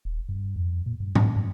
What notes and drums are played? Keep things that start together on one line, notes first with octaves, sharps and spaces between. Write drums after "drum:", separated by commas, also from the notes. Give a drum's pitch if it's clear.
D#1
G2
F2
A#2
G2
A2, drum: tom G#2
G2